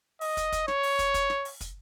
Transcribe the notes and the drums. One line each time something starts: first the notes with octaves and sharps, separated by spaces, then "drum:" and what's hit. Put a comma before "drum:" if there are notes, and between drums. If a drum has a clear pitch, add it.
D#5, drum: open hi-hat
drum: kick, hi-hat
drum: kick, hi-hat
C#5, drum: snare
drum: open hi-hat
drum: kick, hi-hat
drum: kick, hi-hat
drum: snare
drum: open hi-hat
drum: kick, hi-hat